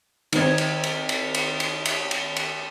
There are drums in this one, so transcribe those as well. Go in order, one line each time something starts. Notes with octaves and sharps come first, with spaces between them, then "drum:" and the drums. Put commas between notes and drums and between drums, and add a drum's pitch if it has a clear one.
D#3 C4 G#6, drum: cymbal
drum: cymbal
drum: cymbal
drum: cymbal
drum: cymbal
drum: cymbal
drum: cymbal
drum: cymbal
drum: cymbal